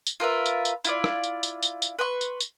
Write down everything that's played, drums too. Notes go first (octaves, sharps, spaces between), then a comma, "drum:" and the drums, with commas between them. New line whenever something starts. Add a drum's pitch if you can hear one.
drum: tambourine
F4 A#4 B4 E5
drum: tambourine
drum: tambourine
E4 F4 D5, drum: tambourine
drum: rim click
drum: tambourine
drum: tambourine
drum: tambourine
drum: tambourine
B4 C6 C#6
drum: tambourine
drum: tambourine